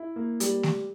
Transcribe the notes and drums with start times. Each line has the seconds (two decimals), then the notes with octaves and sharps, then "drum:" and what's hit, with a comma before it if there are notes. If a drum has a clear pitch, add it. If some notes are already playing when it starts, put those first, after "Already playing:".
Already playing: E4
0.16 A#3
0.40 G3, drum: hi-hat
0.63 drum: snare A3